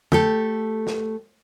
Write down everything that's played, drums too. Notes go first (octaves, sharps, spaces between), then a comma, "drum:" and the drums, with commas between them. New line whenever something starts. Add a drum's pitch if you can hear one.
A3 G4 A4, drum: tom
drum: snare